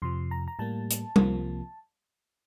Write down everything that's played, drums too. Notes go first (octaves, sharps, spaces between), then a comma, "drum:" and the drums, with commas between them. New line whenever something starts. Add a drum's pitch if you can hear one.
F2 C3 F3 C6
A#5
A#5
A2 G3 A#3 A5
drum: hi-hat
C2 C3 F3 A#3, drum: tom G3